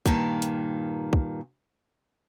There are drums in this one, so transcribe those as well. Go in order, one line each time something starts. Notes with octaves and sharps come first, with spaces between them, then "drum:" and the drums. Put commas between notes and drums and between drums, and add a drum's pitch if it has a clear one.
G2 A#2 D#3 A#3, drum: kick
drum: hi-hat
drum: kick